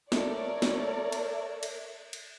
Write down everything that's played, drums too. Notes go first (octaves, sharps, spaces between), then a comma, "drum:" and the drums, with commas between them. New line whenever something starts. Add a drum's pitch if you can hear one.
A4 A#4 C#5 D5 E5, drum: snare
drum: snare
drum: cymbal
drum: cymbal
drum: cymbal